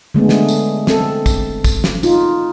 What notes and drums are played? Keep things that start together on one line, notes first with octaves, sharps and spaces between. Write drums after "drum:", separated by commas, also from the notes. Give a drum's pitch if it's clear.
D3 G#3 A3 B3
drum: snare
drum: tambourine
C4 A4, drum: snare
drum: kick, tambourine
drum: kick, tambourine
drum: snare
D#4 F4, drum: tambourine